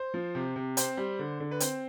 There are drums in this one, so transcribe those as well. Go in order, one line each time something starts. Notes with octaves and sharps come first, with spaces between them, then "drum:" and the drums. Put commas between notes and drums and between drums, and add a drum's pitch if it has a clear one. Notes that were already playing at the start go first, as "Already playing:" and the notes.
Already playing: C5
F3
C3
C3
C4 C5, drum: hi-hat
G3
D3
D3
B4
C4 C5, drum: hi-hat